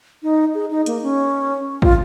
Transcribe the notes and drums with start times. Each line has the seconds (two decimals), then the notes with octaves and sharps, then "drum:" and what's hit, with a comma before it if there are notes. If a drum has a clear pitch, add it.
0.23 D#4
0.55 G#4
0.71 D#4
0.86 A#3, drum: hi-hat
1.03 C#4
1.82 F4, drum: kick